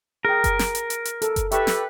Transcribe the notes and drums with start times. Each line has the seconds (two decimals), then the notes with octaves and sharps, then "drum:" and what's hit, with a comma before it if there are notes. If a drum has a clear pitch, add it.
0.25 G#4 A#4 G5
0.44 drum: kick F#1, hi-hat
0.59 drum: snare
0.75 drum: hi-hat
0.90 drum: hi-hat
1.05 drum: hi-hat
1.22 A4, drum: hi-hat
1.36 drum: kick F#1, hi-hat
1.52 G4 A4 B4 E5 C#6, drum: hi-hat
1.67 drum: snare